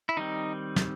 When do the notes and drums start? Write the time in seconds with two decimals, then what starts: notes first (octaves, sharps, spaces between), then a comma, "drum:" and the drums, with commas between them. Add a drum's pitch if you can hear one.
0.09 E4
0.17 D#3 G3 C4 D#4
0.76 drum: snare